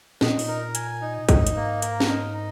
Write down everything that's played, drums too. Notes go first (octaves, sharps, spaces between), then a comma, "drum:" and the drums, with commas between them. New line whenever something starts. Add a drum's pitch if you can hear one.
A#2 D#4, drum: snare
drum: open hi-hat
A#4
G#5, drum: hi-hat
D#4
G#2 D#4, drum: kick, hi-hat
drum: hi-hat
A#3
A#4, drum: hi-hat
drum: snare
D#4